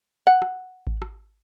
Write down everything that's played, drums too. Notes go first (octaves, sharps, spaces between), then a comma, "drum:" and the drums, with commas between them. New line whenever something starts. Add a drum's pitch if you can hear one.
F#5
drum: rim click
drum: kick G#1
drum: rim click